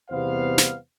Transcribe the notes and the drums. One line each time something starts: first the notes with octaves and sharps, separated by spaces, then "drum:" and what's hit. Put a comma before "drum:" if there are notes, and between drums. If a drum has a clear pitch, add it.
E2 C3 G3 B3 C5 F5
drum: snare